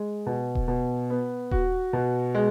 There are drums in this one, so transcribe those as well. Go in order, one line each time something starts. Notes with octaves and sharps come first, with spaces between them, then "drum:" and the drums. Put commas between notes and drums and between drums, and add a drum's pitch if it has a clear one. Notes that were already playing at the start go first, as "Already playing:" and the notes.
Already playing: G#3
B2
drum: kick D#1
B2
B3
F#4, drum: kick D#1
B2
G#3